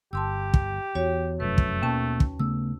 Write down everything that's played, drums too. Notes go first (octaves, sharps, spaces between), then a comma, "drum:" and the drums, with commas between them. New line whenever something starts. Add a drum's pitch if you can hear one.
G1 G4 A5 C6 E6
drum: kick
E2 F#4 C#5
F1 F#2 A3 B4
drum: kick
D#2 B2 A#3 C#4 A5
drum: kick
C#3 A3 B3 E6